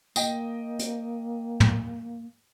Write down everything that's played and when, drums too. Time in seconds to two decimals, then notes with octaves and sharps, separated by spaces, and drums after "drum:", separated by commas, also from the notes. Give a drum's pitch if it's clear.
0.16 A#3 D#5 G5, drum: tambourine
0.79 drum: hi-hat
1.60 drum: tom